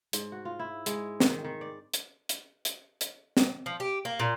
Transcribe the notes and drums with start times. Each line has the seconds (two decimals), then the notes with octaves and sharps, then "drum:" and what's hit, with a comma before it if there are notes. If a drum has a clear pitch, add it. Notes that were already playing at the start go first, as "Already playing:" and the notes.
0.13 G#2, drum: hi-hat
0.32 F#4
0.45 F4
0.59 E4
0.86 G#3, drum: hi-hat
1.20 D#3, drum: snare
1.45 D#3
1.61 D5
1.94 drum: hi-hat
2.29 drum: hi-hat
2.65 drum: hi-hat
3.01 drum: hi-hat
3.37 drum: snare
3.66 F3
3.80 G4
4.05 A#3
4.20 A#2